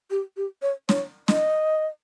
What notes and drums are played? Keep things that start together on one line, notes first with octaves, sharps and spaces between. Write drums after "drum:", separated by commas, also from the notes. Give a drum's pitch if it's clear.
G4
G4
C#5
C#5, drum: snare
D#5, drum: snare